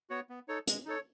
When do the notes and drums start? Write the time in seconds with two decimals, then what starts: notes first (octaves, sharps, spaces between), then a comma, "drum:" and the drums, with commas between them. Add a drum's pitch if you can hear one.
0.10 B3 F#4 C#5
0.29 B3
0.48 D#4 A4 C#5
0.67 G#3, drum: hi-hat
0.85 D#4 A4 C#5